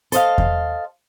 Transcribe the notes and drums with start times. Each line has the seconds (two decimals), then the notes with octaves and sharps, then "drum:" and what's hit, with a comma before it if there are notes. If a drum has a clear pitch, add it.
0.12 A4 C5 D#5 F5, drum: hi-hat
0.38 drum: kick E2